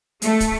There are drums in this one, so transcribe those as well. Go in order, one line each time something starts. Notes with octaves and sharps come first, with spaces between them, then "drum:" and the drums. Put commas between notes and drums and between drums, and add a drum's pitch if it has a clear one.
A3, drum: hi-hat
drum: kick, hi-hat